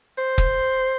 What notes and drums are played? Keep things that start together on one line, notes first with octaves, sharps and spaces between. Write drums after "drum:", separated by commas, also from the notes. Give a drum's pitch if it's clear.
C5
drum: kick